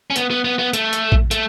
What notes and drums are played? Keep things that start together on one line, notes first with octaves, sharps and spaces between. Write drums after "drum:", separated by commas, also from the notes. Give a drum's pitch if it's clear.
C#4
B3, drum: hi-hat
B3
B3
B3
A3, drum: hi-hat
drum: hi-hat
drum: kick A#1
A3, drum: hi-hat